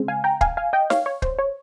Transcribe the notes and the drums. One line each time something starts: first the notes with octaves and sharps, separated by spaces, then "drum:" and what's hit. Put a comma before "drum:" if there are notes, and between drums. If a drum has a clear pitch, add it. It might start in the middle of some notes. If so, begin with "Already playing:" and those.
Already playing: C#3 G#3 C4
F5 G#5
G5 A#5
F5 G#5, drum: kick
F5 G#5
D#5 G5
C#5 F5, drum: snare
C#5
C5, drum: kick
C#5